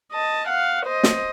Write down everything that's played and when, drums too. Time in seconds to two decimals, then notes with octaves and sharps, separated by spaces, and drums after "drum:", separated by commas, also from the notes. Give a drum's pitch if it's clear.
0.12 D#5 A5
0.48 F5 F#5
0.86 C5 D#5
1.03 drum: snare